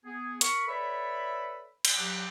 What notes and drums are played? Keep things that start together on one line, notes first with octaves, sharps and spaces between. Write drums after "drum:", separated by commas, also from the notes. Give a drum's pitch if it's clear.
B3 G#4
A#4 B5 C#6, drum: hi-hat
A4 B4 C#5 D5 E5 B5
drum: cymbal
F#3 G4